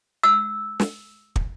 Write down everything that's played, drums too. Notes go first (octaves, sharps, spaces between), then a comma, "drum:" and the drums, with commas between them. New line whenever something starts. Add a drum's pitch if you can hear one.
E6
drum: snare
drum: kick